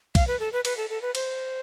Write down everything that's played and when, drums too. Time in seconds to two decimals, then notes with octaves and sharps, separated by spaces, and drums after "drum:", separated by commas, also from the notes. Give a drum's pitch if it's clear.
0.15 F5, drum: kick, cymbal
0.27 B4
0.40 A4
0.53 B4
0.65 B4, drum: cymbal
0.77 A4
0.90 A4
1.02 B4
1.15 C5, drum: cymbal